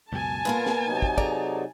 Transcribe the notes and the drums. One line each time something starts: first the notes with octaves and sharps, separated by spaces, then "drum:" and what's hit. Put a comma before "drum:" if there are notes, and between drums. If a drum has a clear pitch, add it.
C#2 F#2 B2 G#5 A5
A#2 A#3 B3 F4 A#4 B4
drum: snare
C3 F#3 D#4
drum: kick
G#4 A4 D5 A#5, drum: kick